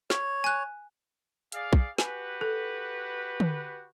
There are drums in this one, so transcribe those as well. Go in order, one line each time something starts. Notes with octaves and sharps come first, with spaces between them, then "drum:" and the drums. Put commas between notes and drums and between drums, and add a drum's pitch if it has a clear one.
C#5, drum: snare
G#5 F#6
G#4 D5 F5, drum: hi-hat
drum: kick
F#4 G4 B4 G#5, drum: snare
A4
drum: tom